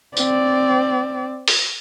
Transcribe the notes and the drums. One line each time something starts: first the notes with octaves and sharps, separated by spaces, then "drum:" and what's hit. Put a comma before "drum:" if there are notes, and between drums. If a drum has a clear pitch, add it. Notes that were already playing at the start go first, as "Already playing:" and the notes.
C4 D5, drum: tambourine
drum: open hi-hat